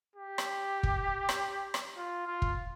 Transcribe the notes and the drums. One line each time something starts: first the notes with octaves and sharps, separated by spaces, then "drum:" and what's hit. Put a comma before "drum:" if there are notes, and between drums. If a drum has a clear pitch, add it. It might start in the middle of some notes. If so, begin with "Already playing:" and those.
G4
drum: rim click
drum: kick
drum: rim click
drum: rim click
F4
F4
drum: kick